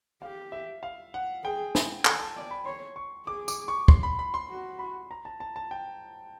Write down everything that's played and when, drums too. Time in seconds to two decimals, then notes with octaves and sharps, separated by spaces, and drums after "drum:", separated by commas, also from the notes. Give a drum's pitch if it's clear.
0.22 G4 F5
0.52 E5
0.83 F5
1.14 F#5
1.44 G#4 G5
1.75 G#5, drum: snare
2.05 A4 G#5, drum: clap
2.20 A5
2.36 D5
2.51 B5
2.65 C#5 C6
2.96 C#6
3.27 G#4 D6
3.48 D6, drum: tambourine
3.68 C#6
3.88 C6, drum: kick
4.03 B5
4.19 B5
4.34 C6
4.49 F#4
4.79 B5
5.11 A#5
5.25 A5
5.40 A5
5.56 A5
5.71 G5